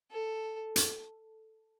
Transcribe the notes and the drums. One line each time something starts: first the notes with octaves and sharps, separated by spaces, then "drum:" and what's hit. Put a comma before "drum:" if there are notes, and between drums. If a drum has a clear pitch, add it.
A4
drum: hi-hat